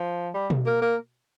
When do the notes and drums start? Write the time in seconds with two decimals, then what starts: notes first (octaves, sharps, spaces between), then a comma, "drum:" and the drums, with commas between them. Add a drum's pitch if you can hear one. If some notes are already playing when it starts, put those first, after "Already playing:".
Already playing: F3
0.34 G3
0.50 drum: tom B2
0.66 A#3
0.82 A#3